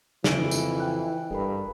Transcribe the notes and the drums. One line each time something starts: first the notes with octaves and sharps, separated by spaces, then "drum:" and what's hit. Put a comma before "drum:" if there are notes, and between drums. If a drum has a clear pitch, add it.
F2 C#3 E3 D#4 E6 D7, drum: snare
drum: tambourine
G5 F#6
F#1 G2 A4 A#4 B5